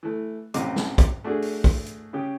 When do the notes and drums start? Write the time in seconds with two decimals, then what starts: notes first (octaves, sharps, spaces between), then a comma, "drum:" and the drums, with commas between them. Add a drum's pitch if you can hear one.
0.03 E3 A3
0.54 A1 F#2 C3 D#5 D6, drum: hi-hat
0.76 drum: snare
0.98 drum: kick, hi-hat
1.24 A3 D4 F#4 G#4
1.42 drum: open hi-hat
1.64 drum: kick, open hi-hat
1.86 drum: hi-hat
2.13 C#3 C#4 G4